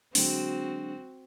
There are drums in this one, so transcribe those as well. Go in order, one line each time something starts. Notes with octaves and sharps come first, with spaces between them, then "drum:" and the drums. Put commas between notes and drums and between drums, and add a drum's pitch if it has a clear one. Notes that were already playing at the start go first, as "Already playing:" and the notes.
D3 F#3 G#3 C4 F#4, drum: open hi-hat